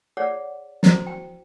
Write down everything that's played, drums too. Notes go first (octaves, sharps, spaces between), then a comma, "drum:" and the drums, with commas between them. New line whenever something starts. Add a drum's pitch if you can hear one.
G#4 C#5 D5 F#5
E4 F#4 C5, drum: snare
G5